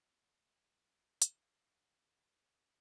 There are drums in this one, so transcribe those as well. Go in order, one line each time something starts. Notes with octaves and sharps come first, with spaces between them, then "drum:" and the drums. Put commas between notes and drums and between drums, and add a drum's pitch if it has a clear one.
D#2 A3 F4
F#3 F5, drum: hi-hat
G#4
C#5